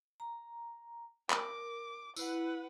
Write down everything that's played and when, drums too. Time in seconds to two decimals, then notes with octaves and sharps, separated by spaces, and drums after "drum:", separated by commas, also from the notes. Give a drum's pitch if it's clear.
0.20 A#5
1.30 A#4 D6, drum: clap
2.16 E4 B4 F#5, drum: tambourine